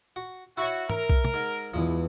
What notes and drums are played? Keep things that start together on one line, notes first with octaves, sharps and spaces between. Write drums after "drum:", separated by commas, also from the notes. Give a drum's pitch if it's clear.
F#4
E4 F#4 C#5
A#4, drum: tom G#2
drum: kick B1
drum: tom
G#2
E2 E3 F3 G#3